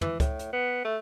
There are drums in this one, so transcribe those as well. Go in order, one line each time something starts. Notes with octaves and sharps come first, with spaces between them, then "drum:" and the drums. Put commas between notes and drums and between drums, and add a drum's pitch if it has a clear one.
E3, drum: tom
A2, drum: kick C#2, hi-hat
drum: hi-hat
B3
A3